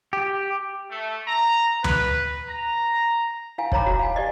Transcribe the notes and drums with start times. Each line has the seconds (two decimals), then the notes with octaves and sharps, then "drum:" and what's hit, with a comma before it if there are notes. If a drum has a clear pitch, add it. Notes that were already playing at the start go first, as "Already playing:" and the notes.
0.13 G4
0.91 A3
1.28 A#5
1.84 B4, drum: tom D2
2.49 A#5
3.58 E4 F5 G#5
3.72 D#4 C#5 A#5 B5 D6, drum: kick
3.86 F#4
3.99 F5 G#5
4.16 G4 D5 D#5